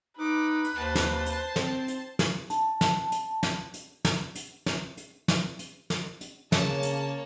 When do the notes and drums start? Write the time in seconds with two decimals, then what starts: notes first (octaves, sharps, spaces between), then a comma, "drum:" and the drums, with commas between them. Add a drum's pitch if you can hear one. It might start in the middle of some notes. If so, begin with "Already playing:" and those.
0.19 D#4 B4 D6
0.65 drum: hi-hat
0.75 D#2 C5 A5
0.95 drum: snare
1.26 drum: hi-hat
1.56 C4, drum: snare
1.88 drum: hi-hat
2.19 drum: snare
2.50 A5, drum: hi-hat
2.81 drum: snare
3.12 drum: hi-hat
3.43 drum: snare
3.74 drum: hi-hat
4.05 drum: snare
4.36 drum: hi-hat
4.66 drum: snare
4.97 drum: hi-hat
5.28 drum: snare
5.59 drum: hi-hat
5.90 drum: snare
6.21 drum: hi-hat
6.52 C#3 A#3 C#5 A5, drum: snare
6.83 drum: hi-hat